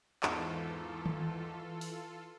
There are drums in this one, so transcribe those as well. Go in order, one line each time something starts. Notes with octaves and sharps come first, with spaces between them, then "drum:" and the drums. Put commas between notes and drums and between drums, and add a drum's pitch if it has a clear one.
E2 G#2 E3 F4 A4, drum: clap
drum: tom D#3
drum: open hi-hat